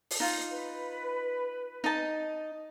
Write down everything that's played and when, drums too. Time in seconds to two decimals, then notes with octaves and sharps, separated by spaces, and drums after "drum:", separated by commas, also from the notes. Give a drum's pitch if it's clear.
0.11 drum: open hi-hat
0.20 D#4 F4
0.50 B4
1.84 D#4 D#5 A5